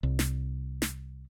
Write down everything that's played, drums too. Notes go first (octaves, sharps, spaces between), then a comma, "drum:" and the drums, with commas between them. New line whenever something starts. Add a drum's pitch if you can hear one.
C2
drum: snare
drum: snare